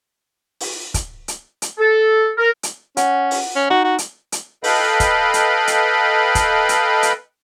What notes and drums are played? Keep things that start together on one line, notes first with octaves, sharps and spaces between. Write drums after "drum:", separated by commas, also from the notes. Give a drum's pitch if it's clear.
drum: open hi-hat
drum: kick, hi-hat
drum: hi-hat
drum: hi-hat
A4
A#4
drum: hi-hat
C#4 F#5, drum: hi-hat
drum: open hi-hat
C#4
D#4 F#4
F#4
drum: hi-hat
drum: hi-hat
A4 B4 D#5 F5 G5 B5, drum: open hi-hat
drum: kick, hi-hat
drum: hi-hat
drum: hi-hat
drum: kick, hi-hat
drum: hi-hat
drum: hi-hat